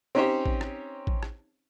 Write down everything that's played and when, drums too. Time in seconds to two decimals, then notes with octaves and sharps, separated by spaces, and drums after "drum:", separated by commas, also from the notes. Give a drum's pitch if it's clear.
0.15 C4 C#4 D#4 G4 C5 C#5
0.46 drum: kick
0.61 drum: rim click
1.07 drum: kick
1.23 drum: rim click